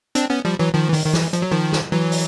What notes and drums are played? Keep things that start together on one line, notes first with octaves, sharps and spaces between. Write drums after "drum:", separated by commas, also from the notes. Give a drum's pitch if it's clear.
C4 D4, drum: hi-hat
B3 C#4
F3 G3
E3 F#3
D#3 F3
E3
D#3, drum: open hi-hat
D#3
E3, drum: snare
F3, drum: hi-hat
F#3
D#3 F3
drum: snare
E3 F#3
drum: open hi-hat